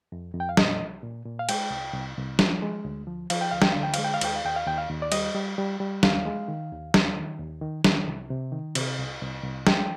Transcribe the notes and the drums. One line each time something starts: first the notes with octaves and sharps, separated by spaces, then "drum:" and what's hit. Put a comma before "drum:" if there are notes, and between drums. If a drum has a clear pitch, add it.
F2
F2
G5
F5
A#2 D#5, drum: snare
C2
A#2
A#2
F5
G#3 G5, drum: cymbal
C2
C2
C2
F3, drum: snare
G#3
D2
F3
F3 F5, drum: cymbal
G5
D2 F5
G5, drum: snare
D3 F5
G5
G#3 F5, drum: cymbal
G5
F5
D#2 G5, drum: cymbal
F5
D#2 G5
F5
D#2 G5
F5
D#2
D5
G3 D#5, drum: cymbal
G3
G3
G3
D#2 F5, drum: snare
G#3
D#3
D#2
D#2, drum: snare
D#3
D#2
D#3
D#3, drum: snare
C2
C3
D#3
C3, drum: cymbal
C2
C2
C2
G#3 G5, drum: snare